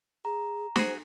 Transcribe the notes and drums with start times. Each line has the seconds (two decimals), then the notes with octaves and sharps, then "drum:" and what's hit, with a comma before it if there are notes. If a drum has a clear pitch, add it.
0.25 G#4 A#5
0.76 F#4 G#4 C5, drum: snare